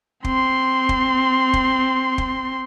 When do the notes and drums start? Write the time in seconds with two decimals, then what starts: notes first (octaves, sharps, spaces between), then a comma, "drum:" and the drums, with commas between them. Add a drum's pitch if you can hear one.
0.24 C4 C6, drum: kick
0.89 drum: kick
1.53 drum: kick
2.18 drum: kick